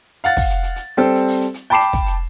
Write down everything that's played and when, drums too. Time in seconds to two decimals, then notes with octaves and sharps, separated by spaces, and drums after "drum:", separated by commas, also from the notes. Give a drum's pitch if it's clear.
0.24 F5 F#5 A6, drum: hi-hat
0.37 drum: kick, open hi-hat
0.50 drum: hi-hat
0.63 drum: hi-hat
0.76 drum: hi-hat
0.97 G3 C4 A4 C5
1.15 drum: hi-hat
1.28 drum: open hi-hat
1.41 drum: hi-hat
1.54 drum: hi-hat
1.70 G5 A5 B5 D6 C7 E7
1.80 drum: hi-hat
1.93 drum: kick, hi-hat
2.06 drum: hi-hat